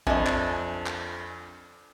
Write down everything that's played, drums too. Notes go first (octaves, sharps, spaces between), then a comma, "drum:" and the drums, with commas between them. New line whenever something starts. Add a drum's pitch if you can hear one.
F2 D4 E4 D#5 G#5, drum: kick
drum: clap
drum: clap